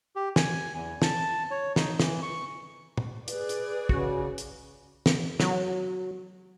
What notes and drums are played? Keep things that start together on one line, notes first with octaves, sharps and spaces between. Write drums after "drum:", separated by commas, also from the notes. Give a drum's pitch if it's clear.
G4
G#5, drum: snare
E2
A5, drum: snare
C#5
D#4, drum: snare
E3, drum: snare
C#6
drum: tom
G#4 B4 D5, drum: hi-hat
drum: hi-hat
C#3 F#4, drum: kick
drum: hi-hat
drum: snare
F#3, drum: snare